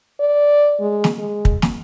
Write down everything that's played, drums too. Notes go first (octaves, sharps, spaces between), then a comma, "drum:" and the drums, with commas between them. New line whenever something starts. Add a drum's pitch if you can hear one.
D5
G#3
drum: snare
G#3
drum: kick
drum: snare